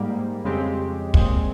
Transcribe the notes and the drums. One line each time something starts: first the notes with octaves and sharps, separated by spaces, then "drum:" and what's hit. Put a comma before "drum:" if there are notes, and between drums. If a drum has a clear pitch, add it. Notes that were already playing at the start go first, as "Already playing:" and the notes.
Already playing: G#2 G3 A#3
F2 C#3 G#3 C4 G4
A#2 G#3 C4, drum: kick